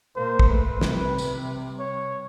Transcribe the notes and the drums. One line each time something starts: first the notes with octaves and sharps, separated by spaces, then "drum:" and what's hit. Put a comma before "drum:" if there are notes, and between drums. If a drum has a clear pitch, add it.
A#2 A#3 C5
drum: kick
A3 B4
C3 G3, drum: snare
drum: tambourine
C#5